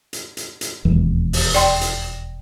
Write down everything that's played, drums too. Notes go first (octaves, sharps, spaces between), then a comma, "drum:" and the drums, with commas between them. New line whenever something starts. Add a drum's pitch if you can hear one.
drum: hi-hat
drum: hi-hat
drum: hi-hat
E1 D#2 E3
drum: open hi-hat
D5 G5 C6, drum: hi-hat
drum: hi-hat